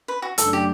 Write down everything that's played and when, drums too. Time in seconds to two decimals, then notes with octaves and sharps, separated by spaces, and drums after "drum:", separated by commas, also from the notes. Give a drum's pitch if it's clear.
0.08 B4
0.22 F#4
0.38 F#2 C#3 F#3 A3 D4 A4, drum: hi-hat
0.53 G4